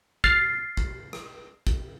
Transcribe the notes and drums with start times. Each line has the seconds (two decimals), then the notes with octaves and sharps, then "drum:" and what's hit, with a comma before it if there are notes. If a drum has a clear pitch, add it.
0.24 F6 A6 C7, drum: kick
0.77 drum: kick
1.13 drum: rim click
1.67 drum: kick